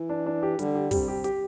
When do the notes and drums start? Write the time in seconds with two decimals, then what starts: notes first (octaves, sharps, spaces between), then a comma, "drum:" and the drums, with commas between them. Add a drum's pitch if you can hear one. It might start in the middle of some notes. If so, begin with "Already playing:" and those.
Already playing: E3
0.09 D4
0.26 D4
0.43 G4
0.59 D3 G3, drum: hi-hat
0.75 G4
0.91 C3 G3, drum: kick, open hi-hat
1.08 G4
1.24 G4, drum: hi-hat